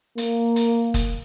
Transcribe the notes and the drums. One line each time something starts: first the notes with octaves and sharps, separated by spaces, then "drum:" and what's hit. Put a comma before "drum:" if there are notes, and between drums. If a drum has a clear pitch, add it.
A#3, drum: hi-hat
drum: hi-hat
drum: kick, hi-hat